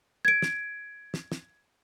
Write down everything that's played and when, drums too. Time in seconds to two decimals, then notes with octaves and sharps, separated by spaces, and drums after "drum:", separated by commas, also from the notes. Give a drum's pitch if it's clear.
0.25 G#6 D7
0.42 drum: snare
1.14 drum: snare
1.32 drum: snare